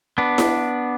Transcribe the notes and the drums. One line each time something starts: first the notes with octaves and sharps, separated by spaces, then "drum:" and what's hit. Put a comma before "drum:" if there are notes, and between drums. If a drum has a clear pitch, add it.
B3 D4
drum: snare E4